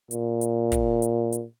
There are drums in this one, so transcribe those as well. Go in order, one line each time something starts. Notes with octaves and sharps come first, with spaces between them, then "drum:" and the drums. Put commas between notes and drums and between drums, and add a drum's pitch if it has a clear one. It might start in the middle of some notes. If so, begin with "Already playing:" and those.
A#2, drum: hi-hat
drum: hi-hat
drum: kick, hi-hat
drum: hi-hat
drum: hi-hat